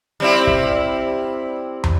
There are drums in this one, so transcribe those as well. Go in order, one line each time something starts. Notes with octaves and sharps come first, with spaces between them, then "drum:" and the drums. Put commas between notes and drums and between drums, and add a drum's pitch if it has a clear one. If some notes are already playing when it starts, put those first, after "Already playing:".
G3 C4 E4
drum: kick
drum: tom